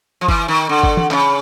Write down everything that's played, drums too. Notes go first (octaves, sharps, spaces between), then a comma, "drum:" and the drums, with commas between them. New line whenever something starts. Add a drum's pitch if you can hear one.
F3
E3, drum: kick F#1
D#3
D3
drum: kick F#1
drum: tom
C#3, drum: clap